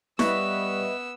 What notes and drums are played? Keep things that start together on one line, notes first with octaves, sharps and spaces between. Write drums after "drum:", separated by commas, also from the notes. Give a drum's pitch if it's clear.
G3 B3 B4 D#5 E5 C#6 E6, drum: snare E4